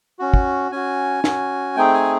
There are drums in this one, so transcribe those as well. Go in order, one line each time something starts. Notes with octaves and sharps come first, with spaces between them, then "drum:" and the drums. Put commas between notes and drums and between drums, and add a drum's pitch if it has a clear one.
C#4 F#4
drum: kick
C#4 F#4 G#5
C#4 F#4, drum: snare
A3 C4 D#4 G#4 G5
G#5